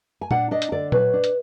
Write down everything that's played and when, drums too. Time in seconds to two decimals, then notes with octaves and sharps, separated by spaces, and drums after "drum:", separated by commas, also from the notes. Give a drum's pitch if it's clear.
0.21 G#5
0.31 D4 F#5, drum: tom A#2
0.51 D4 D#5
0.62 drum: hi-hat
0.72 D3 D5
0.92 F#3 B4, drum: tom A#2
1.13 D4
1.24 drum: hi-hat